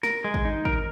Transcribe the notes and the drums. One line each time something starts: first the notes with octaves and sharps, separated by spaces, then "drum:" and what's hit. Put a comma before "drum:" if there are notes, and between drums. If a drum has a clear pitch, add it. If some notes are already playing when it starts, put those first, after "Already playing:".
A#4, drum: snare
G#3
drum: kick
D#4
A#4, drum: kick